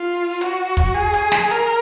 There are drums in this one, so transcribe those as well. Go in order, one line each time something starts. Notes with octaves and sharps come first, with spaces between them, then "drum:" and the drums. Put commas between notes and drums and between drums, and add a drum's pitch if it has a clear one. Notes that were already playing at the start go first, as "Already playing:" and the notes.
Already playing: F4
F#4, drum: hi-hat
drum: kick, hi-hat
G#4
drum: hi-hat
drum: snare
A#4, drum: hi-hat